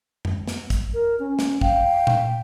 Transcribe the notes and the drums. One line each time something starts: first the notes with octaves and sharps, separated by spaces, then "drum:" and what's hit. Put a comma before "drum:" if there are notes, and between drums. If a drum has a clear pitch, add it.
drum: tom F#2
drum: snare
drum: kick, hi-hat
A#4
C#4
drum: snare
F5 G5, drum: kick
drum: tom A#2